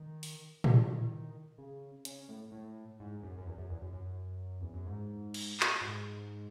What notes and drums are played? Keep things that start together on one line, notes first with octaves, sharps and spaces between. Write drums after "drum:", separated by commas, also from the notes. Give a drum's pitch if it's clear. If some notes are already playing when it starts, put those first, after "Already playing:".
Already playing: D#3
drum: open hi-hat
D#3, drum: tom A2
C#3
C#3, drum: hi-hat
A2
A2
G#2
F#2
F#2
E2
F#2
E2
F#2
F#2
E2
F#2
G#2
drum: cymbal
drum: clap
G#2